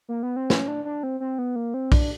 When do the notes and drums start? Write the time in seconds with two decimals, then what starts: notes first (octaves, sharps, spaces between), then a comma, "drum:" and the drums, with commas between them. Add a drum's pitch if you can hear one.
0.09 A#3
0.23 B3
0.36 C4
0.50 C#4, drum: snare
0.68 D4
0.85 D4
1.03 C4
1.20 C4
1.39 B3
1.56 A#3
1.74 C4
1.92 D4, drum: kick B1, open hi-hat